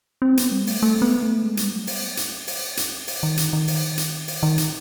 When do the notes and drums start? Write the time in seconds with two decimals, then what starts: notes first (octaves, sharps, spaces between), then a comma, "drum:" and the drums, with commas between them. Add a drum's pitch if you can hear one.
0.22 C4
0.37 B3, drum: hi-hat
0.51 G3
0.67 A3, drum: open hi-hat
0.83 A3
1.02 B3
1.23 A3
1.42 G#3
1.57 G3, drum: hi-hat
1.72 F#3
1.87 drum: open hi-hat
2.17 drum: hi-hat
2.47 drum: open hi-hat
2.77 drum: hi-hat
3.07 drum: open hi-hat
3.23 D#3
3.37 drum: hi-hat
3.53 D#3
3.68 drum: open hi-hat
3.98 drum: hi-hat
4.28 drum: open hi-hat
4.43 D#3
4.58 drum: hi-hat